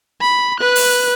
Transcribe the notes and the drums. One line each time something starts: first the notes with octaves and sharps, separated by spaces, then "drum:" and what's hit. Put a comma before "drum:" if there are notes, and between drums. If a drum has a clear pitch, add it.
B5
B4 F#6
drum: open hi-hat